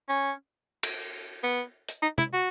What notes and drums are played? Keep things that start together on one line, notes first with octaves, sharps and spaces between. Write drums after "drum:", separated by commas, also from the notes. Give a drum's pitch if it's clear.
C#4
drum: cymbal
B3
drum: hi-hat
D#4
E4, drum: tom
F#4